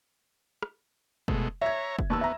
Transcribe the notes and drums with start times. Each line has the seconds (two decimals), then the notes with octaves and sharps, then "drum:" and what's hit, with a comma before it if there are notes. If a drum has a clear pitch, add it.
0.62 drum: rim click
1.28 B2 G#3 A3, drum: kick
1.62 C#5 E5 A#5 G#6
1.99 drum: kick
2.10 D#2 B3 A5 E6
2.21 E5 A#5